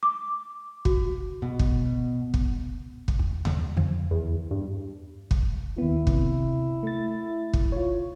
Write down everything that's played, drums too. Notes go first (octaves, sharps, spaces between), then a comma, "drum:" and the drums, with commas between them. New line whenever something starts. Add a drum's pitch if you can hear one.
D6
F#4, drum: kick
B2
drum: kick
drum: kick
drum: kick
E2
drum: tom D#2
F2 D3 F3
E2
G2
drum: kick
D#2 B3 E4
C3, drum: kick
A3 A6
drum: kick
F4 C#5